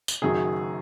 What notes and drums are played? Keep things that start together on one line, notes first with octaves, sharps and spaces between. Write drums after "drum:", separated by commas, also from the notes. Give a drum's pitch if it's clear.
drum: tambourine
F#1 F#2 D#3 F#3 G#4